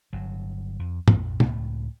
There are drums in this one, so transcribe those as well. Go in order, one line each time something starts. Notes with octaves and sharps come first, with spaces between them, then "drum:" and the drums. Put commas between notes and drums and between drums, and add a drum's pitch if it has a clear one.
G1 F#3
F2
A#1 F2 G#2, drum: tom
C#2 A2 A3, drum: tom